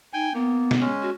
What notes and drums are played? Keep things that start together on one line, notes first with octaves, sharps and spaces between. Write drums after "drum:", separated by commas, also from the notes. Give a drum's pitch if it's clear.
D#4 G5 G#5
A#3 B3
drum: snare
G#3 C#4
F#4